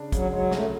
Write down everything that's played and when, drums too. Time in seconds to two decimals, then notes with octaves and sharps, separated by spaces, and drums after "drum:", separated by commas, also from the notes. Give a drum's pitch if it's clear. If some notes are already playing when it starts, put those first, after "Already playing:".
Already playing: C#3 D4
0.12 C#3 F#3, drum: kick, hi-hat
0.32 F#3 G#3
0.51 C#3 A3, drum: snare